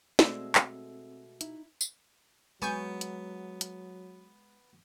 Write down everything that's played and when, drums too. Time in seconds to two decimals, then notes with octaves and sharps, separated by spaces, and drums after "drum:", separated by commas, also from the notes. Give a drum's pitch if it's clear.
0.19 B2 G#3 A3 C4 D5 E6, drum: snare
0.55 drum: clap
1.41 D#4 E4, drum: hi-hat
1.81 drum: tambourine
2.62 F#3 G#3 B3 G#5 C#6 G6
3.01 drum: hi-hat
3.61 drum: hi-hat